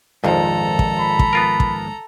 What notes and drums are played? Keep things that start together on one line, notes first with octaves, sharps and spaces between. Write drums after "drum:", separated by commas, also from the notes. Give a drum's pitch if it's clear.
A#1 F2 G#2 D#3 F3 A4 A#5
drum: kick
B5
drum: kick
B3 F4 A#4
drum: kick